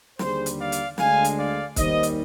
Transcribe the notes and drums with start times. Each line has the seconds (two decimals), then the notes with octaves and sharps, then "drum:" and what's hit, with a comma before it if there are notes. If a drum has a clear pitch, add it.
0.19 D#2 D3 G3 G#4 C5, drum: snare
0.46 drum: hi-hat
0.59 D5 F5
0.72 drum: hi-hat
0.98 D2 D3 G#3 D4 F5 G#5, drum: snare
1.24 drum: hi-hat
1.37 D5 F5
1.76 D#2 D#3 G3 C5 D#5, drum: kick, hi-hat
2.03 drum: hi-hat